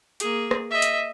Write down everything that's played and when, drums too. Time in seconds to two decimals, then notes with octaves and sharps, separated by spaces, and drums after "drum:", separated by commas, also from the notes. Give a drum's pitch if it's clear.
0.20 A#3 G#4, drum: hi-hat
0.51 drum: rim click
0.70 D#5 E5
0.82 drum: hi-hat